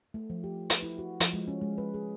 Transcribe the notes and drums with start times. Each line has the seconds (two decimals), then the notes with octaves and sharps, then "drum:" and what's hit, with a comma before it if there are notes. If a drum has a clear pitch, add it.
0.14 A3
0.30 F3
0.44 G4
0.70 B4, drum: hi-hat
0.83 E4
0.98 F#4
1.20 F3, drum: hi-hat
1.33 G#3
1.48 C#4
1.61 G#3
1.78 B4
1.94 G#4